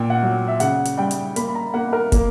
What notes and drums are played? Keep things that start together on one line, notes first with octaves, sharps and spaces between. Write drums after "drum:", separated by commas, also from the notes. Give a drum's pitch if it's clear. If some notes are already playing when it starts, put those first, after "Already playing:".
Already playing: A#2 G5
F#5
F#3
E5
C#3 F#5, drum: hi-hat
drum: hi-hat
G3 G5
drum: hi-hat
A#3 B5, drum: hi-hat
B5
A#5
A#3 F#5
A#4
A#3, drum: kick, hi-hat